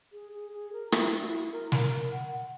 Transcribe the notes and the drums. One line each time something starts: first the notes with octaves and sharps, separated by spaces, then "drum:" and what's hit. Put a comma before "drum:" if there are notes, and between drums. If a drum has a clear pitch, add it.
G#4
G#4
G#4
A#4
E4, drum: rim click
F#4
E4
A#4
A#4, drum: snare
F#5
F#5